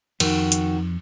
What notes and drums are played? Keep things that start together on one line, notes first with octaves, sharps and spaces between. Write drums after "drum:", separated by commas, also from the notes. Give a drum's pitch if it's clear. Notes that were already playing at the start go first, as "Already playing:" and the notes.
F2 D#3 F#4, drum: cymbal
drum: hi-hat